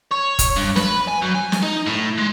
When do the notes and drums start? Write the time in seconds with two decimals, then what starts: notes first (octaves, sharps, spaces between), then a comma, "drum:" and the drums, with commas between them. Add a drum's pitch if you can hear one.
0.12 C#5
0.39 drum: kick F1, hi-hat
0.58 G2
0.76 B4, drum: snare
1.08 G#5
1.22 F#2
1.35 G#5
1.52 drum: snare
1.63 D#4
1.87 A2
2.18 G#3